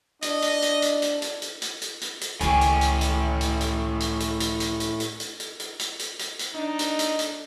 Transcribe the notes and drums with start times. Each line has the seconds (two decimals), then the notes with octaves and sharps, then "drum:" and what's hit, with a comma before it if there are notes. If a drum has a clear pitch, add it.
0.22 D4 D#5, drum: hi-hat
0.42 drum: hi-hat
0.62 drum: hi-hat
0.82 drum: hi-hat
1.02 drum: hi-hat
1.22 drum: hi-hat
1.42 drum: hi-hat
1.62 drum: hi-hat
1.82 drum: hi-hat
2.01 drum: hi-hat
2.21 drum: hi-hat
2.41 C#2 A2 D#3 C#4 G4 G#4 G#5, drum: hi-hat
2.61 drum: hi-hat
2.81 drum: hi-hat
3.01 drum: hi-hat
3.41 drum: hi-hat
3.61 drum: hi-hat
4.00 drum: hi-hat
4.20 drum: hi-hat
4.40 drum: hi-hat
4.60 drum: hi-hat
4.80 drum: hi-hat
5.00 drum: hi-hat
5.20 drum: hi-hat
5.40 drum: hi-hat
5.60 drum: hi-hat
5.79 drum: hi-hat
5.99 drum: hi-hat
6.19 drum: hi-hat
6.39 drum: hi-hat
6.55 D4 D#4
6.79 drum: hi-hat
6.99 drum: hi-hat
7.19 drum: hi-hat